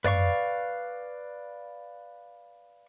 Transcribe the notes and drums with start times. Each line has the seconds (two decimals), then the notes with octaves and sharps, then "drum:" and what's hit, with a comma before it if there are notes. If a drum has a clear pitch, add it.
0.04 B4 D5 F5 C#6, drum: tom F#2